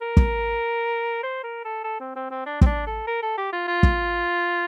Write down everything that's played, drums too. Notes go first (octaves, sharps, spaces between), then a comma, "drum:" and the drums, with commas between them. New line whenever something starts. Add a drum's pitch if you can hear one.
A#4
drum: kick
C5
A#4
A4
A4
C4
C4
C4
D4
C4, drum: kick
D4
A4
A#4
A4
G4
F4
F4
drum: kick